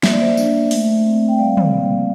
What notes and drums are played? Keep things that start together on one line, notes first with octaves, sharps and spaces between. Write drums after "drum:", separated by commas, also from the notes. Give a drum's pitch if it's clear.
A#3 E5, drum: snare
D5
C5 E5
D4, drum: tambourine
A3, drum: open hi-hat
C4
G5
G3 D5 F5
drum: tom
A#3